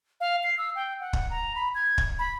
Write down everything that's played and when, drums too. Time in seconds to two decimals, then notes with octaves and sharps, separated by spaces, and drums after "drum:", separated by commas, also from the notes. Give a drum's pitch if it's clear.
0.21 F5
0.43 C7
0.58 E6
0.75 G5
1.00 F#5
1.13 drum: kick
1.30 A#5
1.55 B5
1.75 G#6
1.98 drum: kick
2.19 B5